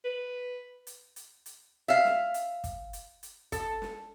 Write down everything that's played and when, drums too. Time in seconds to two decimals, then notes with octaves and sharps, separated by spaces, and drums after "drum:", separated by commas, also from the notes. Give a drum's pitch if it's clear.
0.04 B4
0.87 drum: hi-hat
1.16 drum: hi-hat
1.46 drum: hi-hat
1.88 E5 F5
2.05 drum: snare
2.34 drum: hi-hat
2.64 drum: kick, hi-hat
2.93 drum: hi-hat
3.23 drum: hi-hat
3.52 A4, drum: kick, hi-hat
3.82 drum: snare